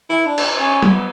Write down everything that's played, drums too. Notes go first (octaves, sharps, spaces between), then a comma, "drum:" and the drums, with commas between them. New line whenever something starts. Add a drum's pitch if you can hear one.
E4
D4
drum: cymbal
C#4
B3, drum: tom